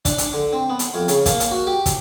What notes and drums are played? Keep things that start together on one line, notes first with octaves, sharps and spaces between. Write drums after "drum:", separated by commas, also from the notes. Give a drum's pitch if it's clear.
D4, drum: kick, hi-hat
drum: hi-hat
D3
C4
B3
drum: hi-hat
F2
C#3, drum: hi-hat
A#3, drum: kick, hi-hat
drum: hi-hat
F#4
G4
drum: kick, hi-hat